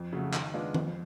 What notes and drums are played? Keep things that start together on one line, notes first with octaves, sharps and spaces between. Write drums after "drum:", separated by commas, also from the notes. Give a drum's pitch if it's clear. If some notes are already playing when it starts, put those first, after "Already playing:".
Already playing: F2
C#3 F#3 A3
D#3, drum: clap
G#3 B3 D4 F4
F2, drum: tom D#3